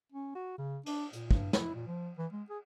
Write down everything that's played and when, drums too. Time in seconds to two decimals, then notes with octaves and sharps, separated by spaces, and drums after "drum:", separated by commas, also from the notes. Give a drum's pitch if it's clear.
0.12 C#4
0.35 F#4
0.58 C#3
0.86 D4, drum: cymbal
1.13 A#2, drum: hi-hat
1.31 G2, drum: kick
1.53 E4, drum: snare
1.75 A#2
1.87 F3
2.18 E3
2.33 G#3
2.49 G#4